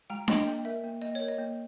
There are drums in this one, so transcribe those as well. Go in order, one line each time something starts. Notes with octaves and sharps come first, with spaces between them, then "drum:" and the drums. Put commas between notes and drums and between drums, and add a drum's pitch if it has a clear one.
G#3 G5 A#5
A#3 D#5 G5, drum: snare D4
A#3
A#4 E5
A#3
A#3 D#5
A#4 C#5
D#5
A#3